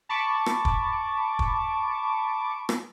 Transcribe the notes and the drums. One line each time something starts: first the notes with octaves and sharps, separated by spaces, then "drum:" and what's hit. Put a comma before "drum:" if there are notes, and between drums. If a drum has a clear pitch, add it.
A5 B5 C#6 D6
drum: rim click
drum: kick
drum: kick
drum: rim click